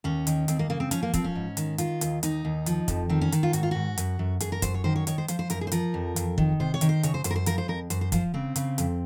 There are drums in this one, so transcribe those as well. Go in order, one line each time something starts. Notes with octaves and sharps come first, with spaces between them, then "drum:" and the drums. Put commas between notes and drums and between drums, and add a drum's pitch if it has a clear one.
D#2 C#4
D#3, drum: hi-hat
D#2 C4, drum: hi-hat
A#3
C#3 A#3
C4
F3 C#4, drum: hi-hat
A#3
F3 C4, drum: kick, hi-hat
C#4
G#2
D#3, drum: hi-hat
D#3 F4, drum: hi-hat
D#2, drum: hi-hat
D#2 D#4, drum: hi-hat
D#2
F3, drum: hi-hat
F2, drum: kick, hi-hat
D#3 C4
C#4
D#3, drum: hi-hat
F4
G#2 F#4, drum: hi-hat
F4
G#2 F#4
F#2, drum: hi-hat
F#2
F#2 G#4, drum: hi-hat
A#4
F#2 C5, drum: kick, hi-hat
C#5
D#3 C5
C#5
D#3 C#5, drum: hi-hat
C5
F3 C5, drum: hi-hat
C5
F#2 A#4, drum: hi-hat
G#4
C5
F3 A#4, drum: hi-hat
F2
F2, drum: hi-hat
D#3, drum: kick
C3 C5
C#5
D#3, drum: hi-hat
C5
C#3 C#5, drum: hi-hat
C5
F#2 C5, drum: hi-hat
A#4
C5
F3 A#4, drum: hi-hat
C5
F2 A#4
F#2 C5, drum: hi-hat
C5
F3 C5, drum: kick, hi-hat
C#3 C4
C#3, drum: hi-hat
F2, drum: hi-hat